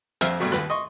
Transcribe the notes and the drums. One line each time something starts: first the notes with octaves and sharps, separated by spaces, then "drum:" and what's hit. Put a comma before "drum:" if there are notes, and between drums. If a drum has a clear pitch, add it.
A#1 F2 C5 E5 F6, drum: hi-hat
G2 B2 F#3 A3
D#2 B4 F#6, drum: rim click
D#5 C6 C#6